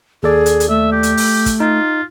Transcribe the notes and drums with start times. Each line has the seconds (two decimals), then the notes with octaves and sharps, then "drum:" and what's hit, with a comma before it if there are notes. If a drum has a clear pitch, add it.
0.23 D#2 G#4 A4 D5
0.46 drum: hi-hat
0.60 drum: hi-hat
0.70 A3 E5
0.92 G4
1.03 drum: hi-hat
1.17 drum: open hi-hat
1.46 drum: kick, hi-hat
1.60 D#4 F4